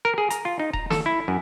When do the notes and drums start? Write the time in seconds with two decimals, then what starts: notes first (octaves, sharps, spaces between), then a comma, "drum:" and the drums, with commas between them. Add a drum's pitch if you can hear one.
0.05 A#4
0.18 G#4
0.30 A#5, drum: hi-hat
0.45 F4
0.60 D#4
0.73 A#5, drum: kick D#1
0.90 A4, drum: snare
1.06 E4
1.28 F#2